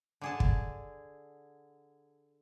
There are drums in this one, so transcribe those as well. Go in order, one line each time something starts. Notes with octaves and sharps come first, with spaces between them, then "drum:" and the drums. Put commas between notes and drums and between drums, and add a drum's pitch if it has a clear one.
D3 G#4 A5
drum: kick